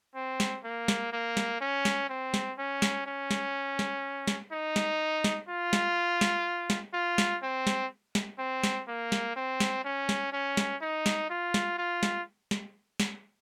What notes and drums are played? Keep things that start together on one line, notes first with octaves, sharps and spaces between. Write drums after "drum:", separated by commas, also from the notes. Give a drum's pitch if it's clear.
C4
drum: snare
A#3
drum: snare
A#3
drum: snare
C#4
drum: snare
C4
drum: snare
C#4
drum: snare
C#4
drum: snare
drum: snare
drum: snare
D#4
drum: snare
drum: snare
F4
drum: snare
drum: snare
drum: snare
F4
drum: snare
C4
drum: snare
drum: snare
C4
drum: snare
A#3
drum: snare
C4
drum: snare
C#4
drum: snare
C#4
drum: snare
D#4
drum: snare
F4
drum: snare
F4
drum: snare
drum: snare
drum: snare